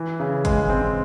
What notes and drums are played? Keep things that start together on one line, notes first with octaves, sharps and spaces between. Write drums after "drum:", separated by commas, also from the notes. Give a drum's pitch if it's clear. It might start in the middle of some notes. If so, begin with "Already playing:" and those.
Already playing: E3
C#3
G#3, drum: kick, hi-hat
C4, drum: tom